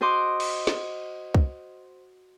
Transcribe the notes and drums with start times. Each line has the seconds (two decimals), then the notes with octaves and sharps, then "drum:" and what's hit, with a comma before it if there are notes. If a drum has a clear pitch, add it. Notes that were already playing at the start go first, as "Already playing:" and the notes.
0.01 F#4 C5 D#5 C6 D6
0.40 drum: cymbal
0.67 drum: snare
1.34 drum: kick